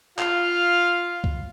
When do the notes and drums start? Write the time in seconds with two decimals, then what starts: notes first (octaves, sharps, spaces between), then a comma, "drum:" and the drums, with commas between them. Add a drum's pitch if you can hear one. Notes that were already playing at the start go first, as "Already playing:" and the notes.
0.19 F4 F5, drum: clap
1.24 drum: kick C#2